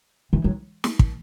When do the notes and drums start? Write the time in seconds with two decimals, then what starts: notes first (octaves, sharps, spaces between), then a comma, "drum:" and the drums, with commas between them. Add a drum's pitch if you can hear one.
0.33 E3
0.44 F#3
0.84 drum: snare
0.99 drum: kick